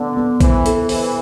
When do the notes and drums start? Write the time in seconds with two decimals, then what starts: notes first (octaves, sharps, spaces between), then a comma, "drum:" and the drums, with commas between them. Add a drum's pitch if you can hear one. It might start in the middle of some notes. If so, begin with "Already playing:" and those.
Already playing: D3 B3 A4
0.17 B3
0.40 E3 C5, drum: kick A#1, hi-hat
0.66 A4, drum: hi-hat
0.89 E3 C5, drum: open hi-hat